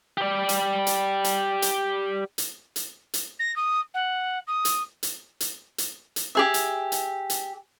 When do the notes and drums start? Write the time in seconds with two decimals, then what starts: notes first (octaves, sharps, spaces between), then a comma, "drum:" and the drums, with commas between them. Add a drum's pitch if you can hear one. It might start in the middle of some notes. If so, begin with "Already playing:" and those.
0.18 G4 D5
0.49 drum: hi-hat
0.87 drum: hi-hat
1.24 drum: hi-hat
1.62 drum: hi-hat
2.38 drum: hi-hat
2.76 drum: hi-hat
3.14 drum: hi-hat
3.39 A#6
3.55 D#6
3.94 F#5
4.47 D#6
4.65 drum: hi-hat
5.03 drum: hi-hat
5.40 drum: hi-hat
5.78 drum: hi-hat
6.16 drum: hi-hat
6.35 G4 G#4 E5
6.54 drum: hi-hat
6.92 drum: hi-hat
7.30 drum: hi-hat